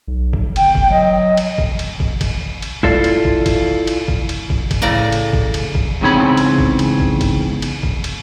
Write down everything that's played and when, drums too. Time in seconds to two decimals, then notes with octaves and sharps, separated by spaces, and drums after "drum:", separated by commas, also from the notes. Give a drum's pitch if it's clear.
0.08 B1
0.33 drum: kick
0.56 G1 G5, drum: cymbal
0.75 drum: kick
0.90 F#3 D#5
1.37 drum: cymbal
1.58 drum: kick
1.79 drum: cymbal
2.00 drum: kick
2.21 drum: kick, cymbal
2.62 drum: cymbal
2.83 E4 F4 A4 D5, drum: kick
3.04 drum: cymbal
3.25 drum: kick
3.46 drum: kick, cymbal
3.87 drum: cymbal
4.08 drum: kick
4.29 drum: cymbal
4.50 drum: kick
4.71 drum: kick, cymbal
4.82 A2 C#3 D5 A#5
5.12 drum: cymbal
5.33 drum: kick
5.54 drum: cymbal
5.75 drum: kick
6.01 E2 G#2 C#3 C4 C#5 B5
6.37 drum: cymbal
6.58 drum: kick
6.79 drum: cymbal
7.00 drum: kick
7.21 drum: kick, cymbal
7.62 drum: cymbal
7.83 drum: kick
8.04 drum: cymbal